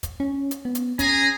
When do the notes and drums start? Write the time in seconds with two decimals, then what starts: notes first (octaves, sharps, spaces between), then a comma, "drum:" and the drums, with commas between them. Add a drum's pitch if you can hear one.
0.03 drum: kick, hi-hat
0.20 C#4
0.51 drum: hi-hat
0.65 B3
0.75 drum: hi-hat
0.99 C#4 G#4 G#5 A#5, drum: kick, hi-hat